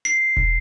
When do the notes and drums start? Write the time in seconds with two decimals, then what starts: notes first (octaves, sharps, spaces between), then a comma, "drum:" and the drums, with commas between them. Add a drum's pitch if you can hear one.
0.05 C7
0.37 drum: kick E1